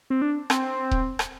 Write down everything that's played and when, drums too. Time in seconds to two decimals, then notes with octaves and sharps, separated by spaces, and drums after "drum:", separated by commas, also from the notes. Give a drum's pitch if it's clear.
0.10 C4
0.22 D4
0.50 C4, drum: rim click
0.91 drum: kick D#1
1.19 drum: rim click